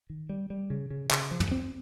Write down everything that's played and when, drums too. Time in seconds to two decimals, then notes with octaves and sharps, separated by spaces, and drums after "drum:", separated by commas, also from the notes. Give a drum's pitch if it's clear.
0.10 D#3
0.29 G3
0.50 G3
0.70 C#3
0.90 C#3
1.11 C#3, drum: clap
1.31 F3
1.40 drum: tom
1.51 C4